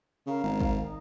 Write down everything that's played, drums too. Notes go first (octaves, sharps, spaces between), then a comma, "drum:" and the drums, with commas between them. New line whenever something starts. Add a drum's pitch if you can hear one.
C#3 A#4 F5 A#5
G#1
drum: kick
D#4